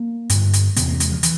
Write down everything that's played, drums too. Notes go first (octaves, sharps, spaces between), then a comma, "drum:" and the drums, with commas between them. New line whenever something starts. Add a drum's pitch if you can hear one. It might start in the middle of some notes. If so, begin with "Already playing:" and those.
Already playing: A#3
G2 D3, drum: hi-hat
drum: hi-hat
E2 C3 B3, drum: hi-hat
A#3
G#3, drum: hi-hat
F3
E3, drum: hi-hat